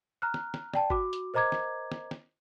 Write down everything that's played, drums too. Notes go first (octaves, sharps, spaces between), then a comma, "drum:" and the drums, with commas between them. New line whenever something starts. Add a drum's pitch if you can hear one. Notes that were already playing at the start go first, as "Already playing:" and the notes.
A#5 F6 F#6
drum: snare
drum: snare
D5 G5 A5, drum: snare
F#4 D6, drum: kick G1
drum: hi-hat
A#4 C5 D#5 A#5 D6 G#6
drum: snare
drum: snare
drum: snare